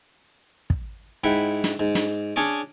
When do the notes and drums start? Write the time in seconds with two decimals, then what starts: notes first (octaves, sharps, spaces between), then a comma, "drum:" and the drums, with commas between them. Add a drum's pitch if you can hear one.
0.70 drum: kick
1.24 G#2 E4 F#5 G5 B5
1.64 drum: snare
1.79 G#2
1.95 drum: snare
2.36 C#4 D4 G#4 C#5 D5